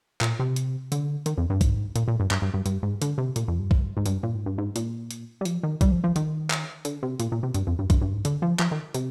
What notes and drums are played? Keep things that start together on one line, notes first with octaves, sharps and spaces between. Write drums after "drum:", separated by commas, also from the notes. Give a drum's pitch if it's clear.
A#2, drum: clap
C3
drum: hi-hat
D3, drum: hi-hat
D#3, drum: hi-hat
F2
G2
G#2, drum: kick, hi-hat
A#2, drum: hi-hat
A#2
G2
G2, drum: clap
G2
G2
G2, drum: hi-hat
G#2
D3, drum: hi-hat
C3
A#2, drum: hi-hat
F2
G2
drum: kick
G#2
G2, drum: hi-hat
A#2
G#2
G2
G#2
A#2, drum: hi-hat
drum: hi-hat
G3
F3, drum: hi-hat
D#3
G3, drum: kick, hi-hat
F3
F3
D#3, drum: hi-hat
drum: clap
D3, drum: hi-hat
C3
A#2, drum: hi-hat
A#2
C3
G2, drum: hi-hat
F2
G2
G2, drum: kick, hi-hat
G2
G#2
D3, drum: hi-hat
F3
F3, drum: clap
D#3
C3, drum: hi-hat